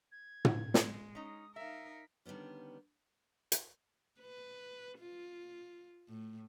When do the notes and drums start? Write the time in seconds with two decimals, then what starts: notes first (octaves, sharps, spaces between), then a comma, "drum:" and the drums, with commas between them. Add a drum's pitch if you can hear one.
0.11 G#6
0.45 drum: tom
0.74 G#3, drum: snare
1.15 C#4 D#4 D#6
1.56 D#4 A#4 E5 F5 B6
2.25 D3 D#3 G3 B3 C#4
3.52 drum: hi-hat
4.20 B4
4.99 F4
6.08 A2